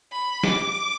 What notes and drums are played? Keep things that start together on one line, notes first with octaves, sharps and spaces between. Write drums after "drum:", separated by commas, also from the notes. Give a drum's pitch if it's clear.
B5
D6, drum: snare